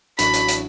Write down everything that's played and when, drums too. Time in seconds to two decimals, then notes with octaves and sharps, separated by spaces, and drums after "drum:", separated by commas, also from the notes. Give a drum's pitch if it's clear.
0.19 A1 A2 F#3 D4 F#4 B5, drum: hi-hat
0.33 drum: hi-hat
0.48 drum: hi-hat